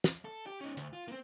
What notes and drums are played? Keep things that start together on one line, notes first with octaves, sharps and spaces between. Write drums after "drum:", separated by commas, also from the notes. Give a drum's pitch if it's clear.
drum: snare
A4
G4
C#4 D#4
D2, drum: hi-hat
F4
A#3 C4